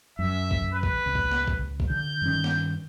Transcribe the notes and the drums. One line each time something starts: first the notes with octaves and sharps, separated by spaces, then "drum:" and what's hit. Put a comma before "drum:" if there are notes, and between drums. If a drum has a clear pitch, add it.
F#2 E5
drum: kick
B4
drum: kick
C#2
drum: kick
drum: snare
drum: kick
drum: kick
D3 G6
G2 D#3 C#4
drum: snare